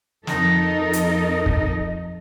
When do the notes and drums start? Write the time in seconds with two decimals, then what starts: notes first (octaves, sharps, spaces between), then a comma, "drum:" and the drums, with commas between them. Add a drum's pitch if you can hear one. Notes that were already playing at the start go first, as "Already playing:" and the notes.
0.27 F2 D#4 A4 A#4 D#5, drum: snare
0.93 drum: hi-hat
1.46 drum: kick